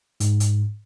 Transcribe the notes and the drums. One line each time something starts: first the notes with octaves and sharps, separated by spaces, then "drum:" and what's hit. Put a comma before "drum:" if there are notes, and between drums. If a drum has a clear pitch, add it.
G#2, drum: hi-hat
drum: hi-hat